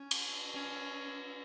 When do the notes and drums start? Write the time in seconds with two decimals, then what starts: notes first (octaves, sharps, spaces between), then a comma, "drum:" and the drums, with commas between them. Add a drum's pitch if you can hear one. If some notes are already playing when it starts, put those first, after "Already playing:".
Already playing: C#4
0.11 drum: cymbal
0.54 C#4